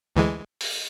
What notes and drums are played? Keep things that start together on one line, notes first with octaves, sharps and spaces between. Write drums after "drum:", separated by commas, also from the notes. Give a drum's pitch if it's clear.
D2 E3 G#3
drum: open hi-hat